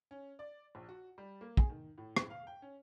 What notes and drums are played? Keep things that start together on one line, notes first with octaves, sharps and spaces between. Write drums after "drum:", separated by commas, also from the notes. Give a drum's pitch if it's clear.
C#4
D5
A#1
F#4
G3
A#3
G#4, drum: kick
D#3
A2
drum: rim click
F5
G5
C#4